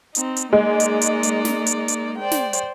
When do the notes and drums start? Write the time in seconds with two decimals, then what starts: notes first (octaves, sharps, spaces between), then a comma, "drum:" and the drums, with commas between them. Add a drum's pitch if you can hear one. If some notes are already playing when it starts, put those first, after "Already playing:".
0.15 C4 D#4, drum: hi-hat
0.36 drum: hi-hat
0.53 G#3 A#3 D#4 D5
0.80 drum: hi-hat
1.01 drum: hi-hat
1.23 drum: hi-hat
1.45 drum: snare
1.66 drum: hi-hat
1.88 drum: hi-hat
2.18 C5 D5 G5
2.31 drum: snare
2.53 drum: hi-hat